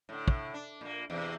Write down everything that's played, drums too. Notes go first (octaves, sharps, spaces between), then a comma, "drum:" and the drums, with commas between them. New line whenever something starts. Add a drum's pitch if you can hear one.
A2 D3
drum: kick
D4
A#2 A#3
E2 C3